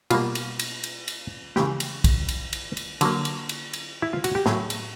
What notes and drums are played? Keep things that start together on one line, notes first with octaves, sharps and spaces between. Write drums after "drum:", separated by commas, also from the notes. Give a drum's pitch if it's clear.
B2 G3 A#3 F4, drum: cymbal
drum: cymbal
drum: cymbal
drum: cymbal
drum: cymbal
C#3 E3 G#3 G4, drum: snare
drum: cymbal
drum: kick, cymbal
drum: cymbal
drum: cymbal
drum: cymbal
D3 F#3 A#3, drum: cymbal
drum: cymbal
drum: cymbal
drum: cymbal
E4
F4
F#4, drum: cymbal
G4
A2 F#3 A3 G#4, drum: snare
drum: cymbal